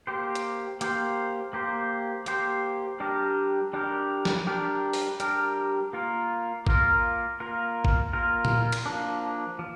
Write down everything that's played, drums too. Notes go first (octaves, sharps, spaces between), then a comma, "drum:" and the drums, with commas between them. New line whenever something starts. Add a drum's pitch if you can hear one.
A#3 G4 C5
drum: hi-hat
A#3 G4 C5, drum: hi-hat
A#3 G4 C5
A#3 G4 C5, drum: hi-hat
G3 D4 G4 A#4
G3 D4 G4 A#4
drum: snare
G3 D4 G4 A#4
drum: open hi-hat
G3 D4 G4 A#4, drum: hi-hat
A#3 F4 A#4
A#3 F4 A#4, drum: kick G#1
A#3 F4 A#4
drum: kick G#1
A#3 F4 A#4
drum: tom A#2
drum: cymbal
F3 A#3 D4
F3